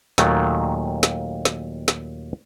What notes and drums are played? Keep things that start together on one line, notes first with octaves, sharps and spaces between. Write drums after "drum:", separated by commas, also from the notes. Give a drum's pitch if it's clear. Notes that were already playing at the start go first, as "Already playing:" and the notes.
D#2 A#2 D#3 F#3 A3, drum: snare
drum: snare
drum: snare
drum: snare